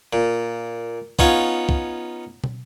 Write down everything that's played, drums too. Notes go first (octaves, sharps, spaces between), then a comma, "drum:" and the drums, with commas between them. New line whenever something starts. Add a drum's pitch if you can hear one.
A#2
B3 C#4 D#4 F4 C#5, drum: kick
drum: kick
drum: tom